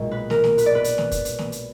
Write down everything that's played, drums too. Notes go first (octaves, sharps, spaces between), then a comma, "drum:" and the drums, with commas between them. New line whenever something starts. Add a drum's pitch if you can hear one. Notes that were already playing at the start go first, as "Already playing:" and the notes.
Already playing: B1 A#2 G#3
B4
A#4, drum: snare
drum: snare
B4, drum: hi-hat
D5
B4
drum: hi-hat
drum: snare
drum: kick, hi-hat
drum: hi-hat
drum: snare
drum: hi-hat